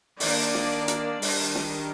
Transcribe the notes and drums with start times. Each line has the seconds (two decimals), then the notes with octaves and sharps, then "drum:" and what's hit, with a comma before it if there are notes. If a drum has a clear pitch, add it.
0.20 D#3 A#3 D4 D5, drum: open hi-hat
0.54 drum: snare
0.88 drum: hi-hat
1.22 D#3 G3 D4, drum: open hi-hat
1.55 drum: snare